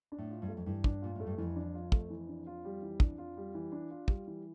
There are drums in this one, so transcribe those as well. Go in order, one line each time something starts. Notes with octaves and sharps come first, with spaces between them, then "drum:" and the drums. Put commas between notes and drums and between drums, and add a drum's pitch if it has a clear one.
D4
A2
F4
G2
A3
F2
G2 E3
D4, drum: kick
A#2 F4
A2 A3
G2
F2 E3
D4
F4
A3, drum: kick
E3
D4
F4
G3
E3
D4, drum: kick
F4
G3
E3
D4
F4
G3, drum: kick
E3